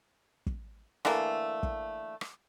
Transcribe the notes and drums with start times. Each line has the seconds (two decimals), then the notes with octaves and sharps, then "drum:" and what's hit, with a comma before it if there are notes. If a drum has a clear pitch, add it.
0.46 drum: kick
1.05 D3 E3 A3 A#3, drum: rim click
1.63 drum: kick
2.21 drum: rim click